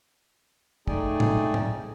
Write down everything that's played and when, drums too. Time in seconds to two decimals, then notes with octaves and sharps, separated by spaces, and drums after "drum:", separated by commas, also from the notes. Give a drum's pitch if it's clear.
0.87 A3 D#4 G#4 D5 G5 G#5, drum: kick
1.20 drum: tom A2
1.54 drum: tom A2